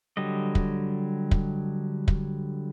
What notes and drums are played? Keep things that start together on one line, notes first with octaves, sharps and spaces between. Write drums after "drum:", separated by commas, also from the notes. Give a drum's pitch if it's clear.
D3 F#3 G3 D#5
drum: kick
drum: kick
drum: kick